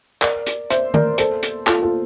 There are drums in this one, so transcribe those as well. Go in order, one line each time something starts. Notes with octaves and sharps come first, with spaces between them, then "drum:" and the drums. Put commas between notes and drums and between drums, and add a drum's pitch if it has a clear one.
A#4 D5, drum: clap
drum: hi-hat
C5 E5, drum: hi-hat
A#4 D5, drum: tom D#3
A4 C5, drum: hi-hat
drum: hi-hat
F4 A4, drum: clap
F4 A4